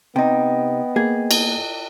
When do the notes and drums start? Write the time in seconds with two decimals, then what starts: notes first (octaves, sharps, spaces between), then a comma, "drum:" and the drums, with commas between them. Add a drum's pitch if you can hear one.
0.16 C3 B3 D#4 D#5 G5
0.96 A#3 G#4 G#6
1.31 drum: cymbal